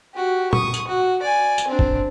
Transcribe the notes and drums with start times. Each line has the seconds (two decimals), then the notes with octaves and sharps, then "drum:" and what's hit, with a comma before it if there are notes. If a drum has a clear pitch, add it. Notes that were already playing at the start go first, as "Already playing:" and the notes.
0.14 F#4 G4
0.53 C#6 D#6, drum: tom A#2
0.74 drum: tambourine
0.87 F#4
1.22 D5 G#5
1.58 drum: tambourine
1.68 C4 D4
1.79 drum: kick